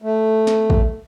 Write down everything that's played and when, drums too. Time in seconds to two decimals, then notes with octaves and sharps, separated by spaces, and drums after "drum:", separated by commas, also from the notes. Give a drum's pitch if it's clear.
0.02 A3
0.47 drum: snare
0.70 drum: kick